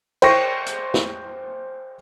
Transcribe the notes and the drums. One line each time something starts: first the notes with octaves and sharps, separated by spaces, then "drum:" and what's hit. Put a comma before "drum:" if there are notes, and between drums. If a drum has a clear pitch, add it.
C5 G5 C#6 A#6, drum: cymbal
drum: hi-hat
drum: snare